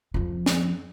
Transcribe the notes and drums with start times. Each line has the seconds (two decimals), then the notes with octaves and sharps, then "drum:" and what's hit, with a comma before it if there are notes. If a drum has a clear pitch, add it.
0.14 F2 F3
0.46 drum: snare